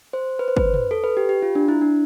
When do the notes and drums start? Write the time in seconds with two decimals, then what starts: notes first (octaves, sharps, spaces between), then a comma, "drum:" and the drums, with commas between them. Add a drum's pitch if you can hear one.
0.13 C5
0.39 B4
0.48 C5
0.57 B4, drum: kick G1
0.74 drum: tom
0.91 A4
1.04 B4
1.17 G4
1.29 G4
1.42 F4
1.55 D4
1.68 E4
1.81 D4